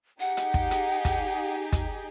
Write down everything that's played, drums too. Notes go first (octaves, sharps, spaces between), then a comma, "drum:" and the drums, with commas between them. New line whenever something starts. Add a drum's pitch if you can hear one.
D#4 G4 G#4 F#5
drum: hi-hat
drum: kick
drum: hi-hat
drum: kick, hi-hat
drum: kick, hi-hat